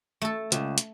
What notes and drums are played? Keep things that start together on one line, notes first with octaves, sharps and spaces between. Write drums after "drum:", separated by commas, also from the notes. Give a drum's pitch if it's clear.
A3 A4
C#2, drum: hi-hat
drum: hi-hat